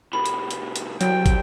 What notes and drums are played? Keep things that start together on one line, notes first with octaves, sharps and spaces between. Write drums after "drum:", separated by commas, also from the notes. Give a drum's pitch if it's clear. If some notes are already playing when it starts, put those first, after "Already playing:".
A2 C3 B5
drum: hi-hat
drum: hi-hat
drum: hi-hat
C2 F#3 G5, drum: hi-hat
drum: kick, hi-hat